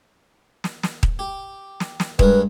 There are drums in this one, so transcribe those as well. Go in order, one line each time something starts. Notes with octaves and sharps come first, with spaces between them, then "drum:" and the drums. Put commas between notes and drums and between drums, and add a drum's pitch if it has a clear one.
drum: snare
drum: snare
drum: kick D#1
G4
drum: snare
drum: snare
G2 G#3 A#4 B4, drum: kick D#1